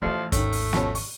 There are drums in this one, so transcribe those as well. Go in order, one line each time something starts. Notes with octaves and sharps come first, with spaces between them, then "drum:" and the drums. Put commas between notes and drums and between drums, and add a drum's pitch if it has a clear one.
A1 E3 F3 A3 C#4
G#1 D#2 D#3 A3 C#4, drum: kick, hi-hat
drum: open hi-hat
B2 F3 C#4, drum: snare
C#6, drum: open hi-hat